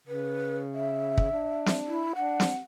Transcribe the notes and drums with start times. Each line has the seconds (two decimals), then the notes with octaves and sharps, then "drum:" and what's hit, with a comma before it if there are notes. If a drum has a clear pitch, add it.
0.07 C#3 B4
0.74 E5
1.18 drum: kick
1.32 D4
1.66 drum: snare
1.87 E4
2.15 D4 F#5
2.40 drum: snare